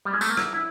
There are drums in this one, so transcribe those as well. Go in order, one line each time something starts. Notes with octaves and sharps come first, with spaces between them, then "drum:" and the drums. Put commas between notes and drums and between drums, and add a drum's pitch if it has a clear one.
G3
G#3
A3, drum: tambourine
A#3
E4, drum: rim click
E4